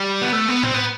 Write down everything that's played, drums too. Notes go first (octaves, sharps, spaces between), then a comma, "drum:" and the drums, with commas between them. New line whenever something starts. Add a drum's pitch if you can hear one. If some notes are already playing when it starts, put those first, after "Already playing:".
Already playing: G3
B3
A3
B3
C4, drum: tom A2
B3